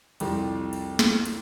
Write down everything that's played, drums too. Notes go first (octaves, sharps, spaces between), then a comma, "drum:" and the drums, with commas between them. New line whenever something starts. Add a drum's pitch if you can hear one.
C2 F2 G3, drum: cymbal
drum: cymbal
drum: snare
drum: cymbal